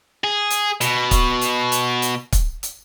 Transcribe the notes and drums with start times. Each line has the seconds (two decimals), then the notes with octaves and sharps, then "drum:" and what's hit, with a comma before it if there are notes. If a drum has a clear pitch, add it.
0.24 G#4
0.50 drum: hi-hat
0.81 B2, drum: hi-hat
1.11 drum: kick C#1, hi-hat
1.41 drum: hi-hat
1.72 drum: hi-hat
2.02 drum: hi-hat
2.32 drum: kick C#1, hi-hat
2.63 drum: hi-hat